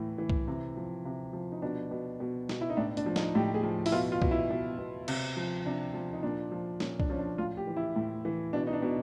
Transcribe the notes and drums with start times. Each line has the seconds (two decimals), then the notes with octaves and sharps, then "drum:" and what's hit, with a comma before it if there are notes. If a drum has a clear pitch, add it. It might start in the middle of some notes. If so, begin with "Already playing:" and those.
Already playing: A2 E3
0.18 E3
0.30 drum: kick C2
0.48 C3
0.77 F3
1.05 C3
1.33 F3
1.52 D#4
1.62 B2 D4
1.91 B2
2.20 B2
2.49 B2, drum: snare
2.61 E4
2.70 D#4
2.77 A2 D4
2.97 D4, drum: hi-hat
3.06 F3
3.16 D#4, drum: snare
3.35 A2 G4
3.54 G#4
3.63 F3
3.86 E4, drum: open hi-hat
3.92 B2 F4
4.12 F4
4.22 B2, drum: kick C2
4.31 E4
4.51 B2
4.79 B2
5.08 C3, drum: cymbal
5.37 F3
5.66 C3 D4
5.94 F3
6.13 D#4
6.23 A#2 D4
6.52 F3
6.80 A#2 C#4, drum: snare
7.00 D4, drum: kick C2
7.10 F3 C#4
7.19 D4
7.38 A2 F4
7.57 G4
7.67 E3
7.76 E4
7.96 A2
8.25 E3
8.53 B2 D4
8.67 D#4
8.73 D4
8.82 B2